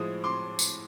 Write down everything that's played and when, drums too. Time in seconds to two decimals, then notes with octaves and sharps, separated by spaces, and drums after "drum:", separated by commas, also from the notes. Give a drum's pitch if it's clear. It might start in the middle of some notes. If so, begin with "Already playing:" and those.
Already playing: A2 F3 G#3 D#6
0.24 C6 D6
0.59 drum: tambourine